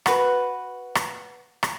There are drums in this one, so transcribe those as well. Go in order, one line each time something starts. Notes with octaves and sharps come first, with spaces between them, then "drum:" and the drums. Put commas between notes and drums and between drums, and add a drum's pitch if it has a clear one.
F#4 B4, drum: rim click
drum: rim click
drum: rim click